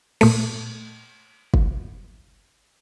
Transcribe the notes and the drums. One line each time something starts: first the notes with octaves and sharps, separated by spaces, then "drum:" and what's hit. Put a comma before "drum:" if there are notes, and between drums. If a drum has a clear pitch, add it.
A#2 A3, drum: cymbal
drum: kick